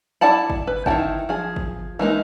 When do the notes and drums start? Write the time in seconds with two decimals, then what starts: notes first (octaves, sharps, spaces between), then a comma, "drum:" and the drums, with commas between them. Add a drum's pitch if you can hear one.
0.21 E4 D5 F#5 A5 B5
0.50 drum: kick
0.67 B4
0.86 D#3 E4 F#4 G5 A5, drum: kick
1.29 F3 G#4
1.56 drum: kick
1.99 E3 G#3 A#3 D#4